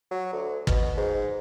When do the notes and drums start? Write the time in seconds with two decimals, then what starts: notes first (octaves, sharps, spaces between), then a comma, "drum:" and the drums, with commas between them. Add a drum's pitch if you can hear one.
0.11 F#3
0.33 D2
0.67 B2, drum: kick
0.97 G#2